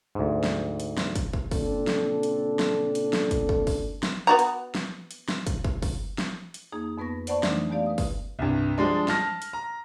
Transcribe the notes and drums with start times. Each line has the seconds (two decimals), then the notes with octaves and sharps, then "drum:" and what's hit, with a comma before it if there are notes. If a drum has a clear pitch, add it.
0.15 D2 G#2
0.44 drum: snare
0.80 drum: hi-hat
0.98 drum: snare
1.15 drum: kick, hi-hat
1.33 drum: kick
1.51 A#2 C#3 C4 D4 A4, drum: kick, open hi-hat
1.87 drum: snare
2.23 drum: hi-hat
2.59 drum: snare
2.95 drum: hi-hat
3.13 drum: snare
3.31 drum: kick, hi-hat
3.49 drum: kick
3.67 drum: kick, open hi-hat
4.03 drum: snare
4.27 B3 F#4 A#5
4.39 drum: hi-hat
4.75 drum: snare
5.11 drum: hi-hat
5.29 drum: snare
5.47 drum: kick, hi-hat
5.64 drum: kick
5.82 drum: kick, open hi-hat
6.18 drum: snare
6.54 drum: hi-hat
6.72 F2 A#3 D#4 G#4
6.98 F2 B3 B4 C#6 A#6
7.27 C5 D5 F#5 A5 B5 C#6, drum: hi-hat
7.43 E3 F#3 A3 D4 D#4, drum: snare
7.69 G#3 A3 B3 G4 D5 F5
7.86 B4 D#6
7.98 drum: kick, open hi-hat
8.39 C2 G2
8.78 F3 G3 G#3 D4
9.08 A5 F6 A#6, drum: snare
9.42 drum: hi-hat
9.53 A#5